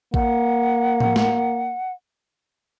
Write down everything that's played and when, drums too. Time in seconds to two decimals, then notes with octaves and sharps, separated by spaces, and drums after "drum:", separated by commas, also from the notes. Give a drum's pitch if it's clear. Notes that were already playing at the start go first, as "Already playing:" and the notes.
0.14 A#3 F#5, drum: kick A1
1.00 drum: tom
1.16 drum: snare